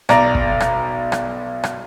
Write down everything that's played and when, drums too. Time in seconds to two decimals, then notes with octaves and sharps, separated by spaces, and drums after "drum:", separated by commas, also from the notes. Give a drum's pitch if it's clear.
0.09 B1 D5 A#5, drum: rim click
0.35 drum: kick
0.60 drum: rim click
1.12 drum: rim click
1.64 drum: rim click